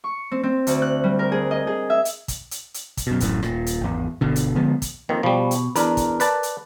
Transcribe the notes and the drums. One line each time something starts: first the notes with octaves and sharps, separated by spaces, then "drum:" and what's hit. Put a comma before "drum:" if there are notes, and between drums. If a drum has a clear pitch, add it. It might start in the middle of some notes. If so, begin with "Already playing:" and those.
C#6
C4
C4
D2, drum: hi-hat
F#6
G3
A#4
G#4
D#5
G#4
E5
drum: hi-hat
drum: kick, hi-hat
drum: hi-hat
drum: hi-hat
drum: kick, hi-hat
F#2 B2
D1 A1 F#2 A2, drum: hi-hat
D#1 A#2, drum: rim click
drum: hi-hat
G#1 E2
G1 B2 D3
drum: hi-hat
D3 F3 G#3 B3
drum: kick, hi-hat
F2 D#3 A#3
B2 F3 G3
drum: hi-hat
E2 D4 A#4, drum: hi-hat
drum: kick, hi-hat
B4 D5 A5, drum: hi-hat
drum: hi-hat